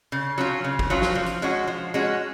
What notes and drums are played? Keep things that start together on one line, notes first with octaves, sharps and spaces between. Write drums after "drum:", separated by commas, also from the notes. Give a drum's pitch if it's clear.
C#3
F#3 C#4 F4
C#3
drum: kick
F#3 C#4 F4
drum: snare
F3
drum: hi-hat
G#3 C#4 F#4
F3
G#3 C#4 F#4